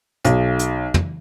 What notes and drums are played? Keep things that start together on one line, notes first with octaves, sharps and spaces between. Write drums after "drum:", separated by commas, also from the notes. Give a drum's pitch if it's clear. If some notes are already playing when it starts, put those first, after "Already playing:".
B1, drum: hi-hat
drum: hi-hat
drum: tom